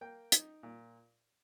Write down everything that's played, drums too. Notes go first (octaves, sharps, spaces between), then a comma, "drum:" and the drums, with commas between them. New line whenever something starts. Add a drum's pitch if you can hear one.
A#3 G5
D#4, drum: hi-hat
A#2